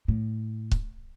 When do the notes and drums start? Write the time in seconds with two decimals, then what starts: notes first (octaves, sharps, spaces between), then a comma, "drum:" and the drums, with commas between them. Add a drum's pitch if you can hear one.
0.08 A2
0.71 drum: kick C#1